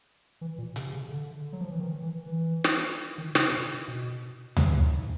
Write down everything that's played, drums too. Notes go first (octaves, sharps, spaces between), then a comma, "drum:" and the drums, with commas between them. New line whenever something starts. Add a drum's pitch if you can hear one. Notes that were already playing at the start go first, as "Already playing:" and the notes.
E3
A#2
C3, drum: hi-hat
C3
C#3
D3
F#3
F3
E3
D#3
E3
E3
drum: snare
D#3
C#3, drum: snare
C3
B2
A#2, drum: tom D2
A2
G#2